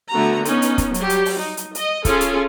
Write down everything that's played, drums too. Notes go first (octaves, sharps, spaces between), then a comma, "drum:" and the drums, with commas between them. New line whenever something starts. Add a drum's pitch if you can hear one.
D3 A3 B3 F#4 A#5
B3 C#4 D#4, drum: hi-hat
drum: hi-hat
drum: kick, hi-hat
F#3 G3 G4, drum: hi-hat
drum: hi-hat
drum: open hi-hat
D#4
drum: hi-hat
D#5, drum: hi-hat
C#4 F4 G#4 A4, drum: kick, hi-hat
drum: hi-hat